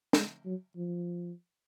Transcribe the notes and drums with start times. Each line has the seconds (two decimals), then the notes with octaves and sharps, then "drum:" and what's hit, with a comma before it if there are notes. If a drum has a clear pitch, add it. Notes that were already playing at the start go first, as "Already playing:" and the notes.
0.13 G#3, drum: snare
0.45 F#3
0.76 F3